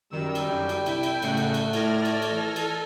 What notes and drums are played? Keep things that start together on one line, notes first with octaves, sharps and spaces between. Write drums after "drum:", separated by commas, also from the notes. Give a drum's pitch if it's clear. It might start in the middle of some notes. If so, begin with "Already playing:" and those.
F#2 D#3 G3 E6
drum: cymbal
F#2 D3 G5
drum: cymbal
C2 E4 G5, drum: cymbal
drum: cymbal
G1 A2 C#3 A3 F#5, drum: cymbal
drum: cymbal
drum: cymbal
A2 D5 F6 G#6 A#6, drum: cymbal
drum: cymbal
drum: cymbal
E3 A4
drum: cymbal